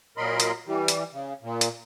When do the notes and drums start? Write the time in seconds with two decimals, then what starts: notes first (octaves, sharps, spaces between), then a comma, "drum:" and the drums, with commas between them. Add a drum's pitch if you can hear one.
0.17 A#2 F#3 A#4 D#5 B5 C6
0.40 drum: hi-hat
0.67 E3 G3
0.88 drum: hi-hat
1.13 C#3
1.42 A#2
1.61 drum: hi-hat